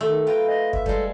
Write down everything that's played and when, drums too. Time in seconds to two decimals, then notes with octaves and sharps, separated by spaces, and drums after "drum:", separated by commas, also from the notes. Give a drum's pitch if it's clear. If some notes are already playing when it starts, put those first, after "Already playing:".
0.01 D#3 A3
0.27 F4 B4 G5 A#5
0.48 D#5
0.73 E5, drum: kick
0.86 G3 G#3 A4, drum: kick